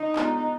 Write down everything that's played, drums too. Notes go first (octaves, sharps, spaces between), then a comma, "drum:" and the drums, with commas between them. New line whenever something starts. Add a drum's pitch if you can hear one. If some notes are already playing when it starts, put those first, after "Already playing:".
Already playing: D3 D#4
G#3 B3 D4 F4, drum: clap